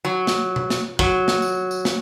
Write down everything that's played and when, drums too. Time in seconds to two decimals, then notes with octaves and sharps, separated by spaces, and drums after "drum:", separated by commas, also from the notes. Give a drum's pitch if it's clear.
0.05 F#3
0.27 drum: snare
0.56 drum: tom B2
0.70 drum: snare
0.99 F#3, drum: kick
1.28 drum: snare
1.42 drum: tambourine
1.71 drum: tambourine
1.85 drum: snare